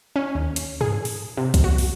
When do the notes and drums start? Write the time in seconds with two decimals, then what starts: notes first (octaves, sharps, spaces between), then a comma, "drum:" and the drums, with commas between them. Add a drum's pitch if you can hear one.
0.16 C#4
0.35 D#2
0.56 drum: hi-hat
0.81 G#4, drum: tom G2
1.05 drum: open hi-hat
1.37 C3
1.54 drum: kick C2, hi-hat
1.64 F#4
1.78 drum: open hi-hat